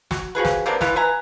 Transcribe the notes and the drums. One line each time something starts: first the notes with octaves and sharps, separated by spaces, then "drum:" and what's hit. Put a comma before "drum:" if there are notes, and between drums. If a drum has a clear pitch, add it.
F#4, drum: snare
F3 F#4 G#4 B4
drum: snare
C3 A#3 B3 D4
E3 B3 E4 F4, drum: snare
B4 E5 G#5 A#5